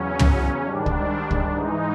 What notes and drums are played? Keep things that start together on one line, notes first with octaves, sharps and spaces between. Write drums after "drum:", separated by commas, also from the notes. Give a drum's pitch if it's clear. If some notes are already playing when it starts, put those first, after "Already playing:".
Already playing: E2 C#3 F#3 C#4
drum: tom
G#2 D#3 G3 D4
drum: kick
drum: kick
G#2 E3 G#3 D#4